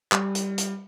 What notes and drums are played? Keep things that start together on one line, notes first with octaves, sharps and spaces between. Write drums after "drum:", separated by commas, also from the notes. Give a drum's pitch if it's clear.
G3, drum: clap
drum: hi-hat
drum: hi-hat